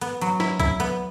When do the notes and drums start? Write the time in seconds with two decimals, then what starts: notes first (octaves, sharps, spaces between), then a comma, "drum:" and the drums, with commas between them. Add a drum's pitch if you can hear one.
0.01 B3, drum: hi-hat
0.21 F#3, drum: hi-hat
0.40 E4, drum: snare
0.60 E4, drum: kick, hi-hat
0.80 B3, drum: hi-hat